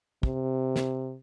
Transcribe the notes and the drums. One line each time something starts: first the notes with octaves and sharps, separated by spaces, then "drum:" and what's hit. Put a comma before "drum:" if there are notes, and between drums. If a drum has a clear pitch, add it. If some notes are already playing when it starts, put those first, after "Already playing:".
C3, drum: kick
drum: snare